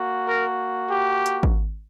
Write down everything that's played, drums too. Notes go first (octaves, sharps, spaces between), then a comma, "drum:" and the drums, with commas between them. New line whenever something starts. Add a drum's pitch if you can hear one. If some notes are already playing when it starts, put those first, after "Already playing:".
Already playing: A#3 F#4
A#4
G4
drum: hi-hat
drum: kick G#1